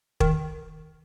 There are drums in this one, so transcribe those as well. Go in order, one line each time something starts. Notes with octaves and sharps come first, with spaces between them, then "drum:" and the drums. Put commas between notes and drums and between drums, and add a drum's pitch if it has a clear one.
D#3, drum: kick